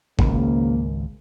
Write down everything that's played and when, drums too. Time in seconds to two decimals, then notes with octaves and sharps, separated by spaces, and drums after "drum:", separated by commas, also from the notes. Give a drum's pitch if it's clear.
0.19 G#1 C#2 C#3 F3 A#3, drum: kick G1